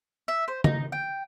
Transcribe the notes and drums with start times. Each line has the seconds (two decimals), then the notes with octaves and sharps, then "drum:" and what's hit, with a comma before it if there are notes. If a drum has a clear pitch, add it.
0.28 E5
0.48 C5
0.64 D#4, drum: tom C#3
0.92 G5